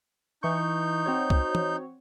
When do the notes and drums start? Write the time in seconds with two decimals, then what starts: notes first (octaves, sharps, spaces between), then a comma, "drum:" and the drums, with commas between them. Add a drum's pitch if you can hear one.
0.43 E3 D#4 C#6 G6
1.06 C4 F#4 C#5
1.30 drum: kick C2
1.55 drum: tom